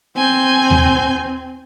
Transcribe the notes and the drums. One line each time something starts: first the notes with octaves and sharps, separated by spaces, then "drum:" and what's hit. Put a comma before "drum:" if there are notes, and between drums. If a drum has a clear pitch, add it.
C4 G#5 G6
drum: tom D#2